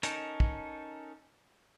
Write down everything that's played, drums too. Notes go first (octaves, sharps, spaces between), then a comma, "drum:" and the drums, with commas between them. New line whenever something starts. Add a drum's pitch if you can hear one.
C#4 D#4 A4 A#4, drum: hi-hat
drum: kick